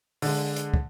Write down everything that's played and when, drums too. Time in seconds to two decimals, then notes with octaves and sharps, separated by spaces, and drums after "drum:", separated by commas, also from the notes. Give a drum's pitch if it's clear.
0.22 D3 G#3, drum: open hi-hat
0.56 drum: hi-hat
0.74 drum: kick